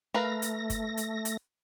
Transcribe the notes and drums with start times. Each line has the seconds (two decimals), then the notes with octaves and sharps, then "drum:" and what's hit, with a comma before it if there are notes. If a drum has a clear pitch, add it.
0.14 A3 A#4 B4 F5 A#6
0.42 drum: hi-hat
0.70 drum: kick F#1, hi-hat
0.97 drum: hi-hat
1.25 drum: hi-hat